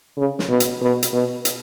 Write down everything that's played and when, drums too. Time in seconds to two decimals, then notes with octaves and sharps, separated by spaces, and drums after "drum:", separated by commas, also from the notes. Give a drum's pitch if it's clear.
0.18 C#3
0.39 drum: snare
0.49 B2
0.60 drum: hi-hat
0.81 B2
1.03 drum: hi-hat
1.13 B2
1.45 drum: hi-hat